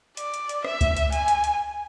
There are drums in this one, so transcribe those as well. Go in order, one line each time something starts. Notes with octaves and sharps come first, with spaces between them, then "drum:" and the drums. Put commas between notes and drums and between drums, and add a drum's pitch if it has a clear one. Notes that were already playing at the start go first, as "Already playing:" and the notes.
D5, drum: hi-hat
drum: hi-hat
drum: hi-hat
E5, drum: rim click
drum: kick C#2, hi-hat
drum: hi-hat
G#5, drum: hi-hat
drum: hi-hat
drum: hi-hat